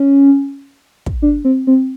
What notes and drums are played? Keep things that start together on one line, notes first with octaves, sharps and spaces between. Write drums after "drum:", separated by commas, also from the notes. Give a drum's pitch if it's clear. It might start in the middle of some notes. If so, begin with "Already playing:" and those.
Already playing: C#4
drum: kick
D4
C4
C4